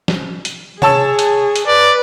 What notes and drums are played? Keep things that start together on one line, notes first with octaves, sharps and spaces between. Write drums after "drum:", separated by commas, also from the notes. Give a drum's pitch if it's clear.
drum: snare
drum: hi-hat
G#4 C#5 A5 E6, drum: tom C3
drum: hi-hat
drum: hi-hat
B4 D5